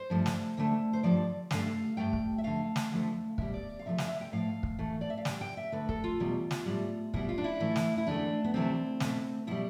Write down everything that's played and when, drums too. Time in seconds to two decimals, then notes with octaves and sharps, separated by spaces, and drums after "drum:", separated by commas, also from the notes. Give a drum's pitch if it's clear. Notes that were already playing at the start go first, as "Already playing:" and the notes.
Already playing: C5
0.10 G2 F3 A3
0.26 drum: snare
0.57 D2 D3 A3
0.93 C5
1.03 G2 D3 F3 D5
1.51 G2 D3 A3 F5, drum: snare
1.97 G2 F3 A3 G5
2.13 drum: kick
2.38 E5
2.44 F2 D3 A3 F5
2.76 drum: snare
2.92 F2 D3 F3 A3
3.38 B2 G3 E5, drum: kick
3.54 D5
3.79 F5
3.85 E2 C3 F3 A3 E5
3.98 F5, drum: snare
4.08 E5
4.21 G5
4.32 A2 F3 A3 F5
4.63 drum: kick
4.79 A2 E3 A3
5.01 D5
5.10 E5
5.17 F5
5.25 A2 G3 G5, drum: snare
5.41 G5
5.57 E5
5.72 D2 D3 A3 B4
5.89 A4, drum: kick
6.04 F4
6.20 E2 B2 G3
6.51 drum: snare
6.66 A2 G3
7.14 B2 G3 E4, drum: kick
7.29 F4
7.38 D4
7.44 E4
7.60 A2 E3 A3
7.76 drum: snare
7.98 E4
8.07 E2 D3 A3 D4
8.44 B3
8.54 D2 C3 E3 A3 C4
9.00 B2 A3, drum: snare
9.47 B2 G3 E4